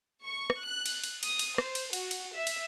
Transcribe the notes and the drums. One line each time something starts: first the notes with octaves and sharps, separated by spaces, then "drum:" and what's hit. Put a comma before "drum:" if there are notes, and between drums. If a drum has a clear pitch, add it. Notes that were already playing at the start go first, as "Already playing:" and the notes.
C#6
drum: rim click
F#6
drum: cymbal
drum: cymbal
D#6, drum: cymbal
drum: cymbal
C5, drum: rim click
drum: cymbal
F#4, drum: cymbal
drum: cymbal
E5
drum: cymbal